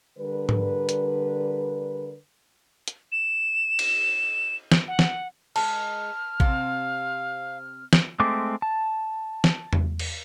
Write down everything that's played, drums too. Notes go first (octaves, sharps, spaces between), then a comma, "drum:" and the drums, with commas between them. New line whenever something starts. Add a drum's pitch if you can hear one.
D3 G3 A#4 B4
drum: tom G#2
drum: hi-hat
drum: hi-hat
E7
drum: cymbal
drum: snare
F#5
drum: snare
G#3 D#4 A5 F6, drum: cymbal
C3 C4 F5, drum: kick A1
drum: snare
G#3 A3 C4 D6
A5
drum: snare
drum: tom E2
drum: cymbal